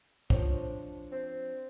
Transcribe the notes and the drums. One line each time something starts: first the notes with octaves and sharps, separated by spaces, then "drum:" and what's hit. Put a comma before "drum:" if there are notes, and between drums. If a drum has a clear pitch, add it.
F3 C4 D4 C#5, drum: kick
C4